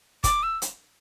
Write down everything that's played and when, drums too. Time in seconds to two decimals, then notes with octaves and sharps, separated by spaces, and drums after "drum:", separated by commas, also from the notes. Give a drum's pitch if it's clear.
0.24 D6, drum: kick, hi-hat
0.43 E6
0.62 drum: hi-hat